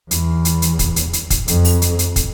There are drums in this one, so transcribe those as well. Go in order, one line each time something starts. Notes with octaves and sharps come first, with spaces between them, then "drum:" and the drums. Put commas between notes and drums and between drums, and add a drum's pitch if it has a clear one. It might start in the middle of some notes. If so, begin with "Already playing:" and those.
E2, drum: hi-hat
drum: hi-hat
drum: hi-hat
drum: kick, hi-hat
drum: hi-hat
drum: hi-hat
drum: kick, hi-hat
F2, drum: hi-hat
drum: open hi-hat
drum: hi-hat
drum: hi-hat
drum: kick, hi-hat